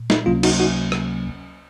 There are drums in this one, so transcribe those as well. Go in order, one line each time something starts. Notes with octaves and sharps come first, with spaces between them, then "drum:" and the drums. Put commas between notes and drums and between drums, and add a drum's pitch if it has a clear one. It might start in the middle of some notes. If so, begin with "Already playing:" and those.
Already playing: A#2
D#4, drum: snare
C#2 C3 F#3 A#3 C#4 F4
D#4 F#4, drum: cymbal
D#4 F#4
drum: rim click